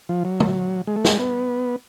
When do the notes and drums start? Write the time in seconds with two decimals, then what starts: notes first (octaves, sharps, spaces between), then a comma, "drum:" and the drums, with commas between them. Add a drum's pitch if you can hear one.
0.09 F3
0.25 F#3
0.40 drum: tom
0.87 G#3
0.96 A3
1.05 G#3, drum: snare
1.19 B3